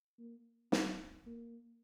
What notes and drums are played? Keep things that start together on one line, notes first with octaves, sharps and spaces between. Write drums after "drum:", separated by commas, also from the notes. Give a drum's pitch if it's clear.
A#3
C4, drum: snare
A#3